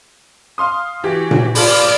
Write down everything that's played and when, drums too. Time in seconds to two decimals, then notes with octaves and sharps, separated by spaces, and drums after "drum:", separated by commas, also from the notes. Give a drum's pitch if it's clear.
0.58 F5 C6 D#6
1.04 E3 F#4 G4
1.31 drum: tom A#2
1.55 F4 A4 D5 B5, drum: open hi-hat